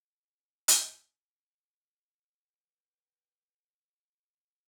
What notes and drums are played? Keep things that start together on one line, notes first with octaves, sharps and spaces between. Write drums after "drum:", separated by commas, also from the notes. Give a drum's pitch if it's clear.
C3 D4 G#4 B4
drum: hi-hat
B4 G5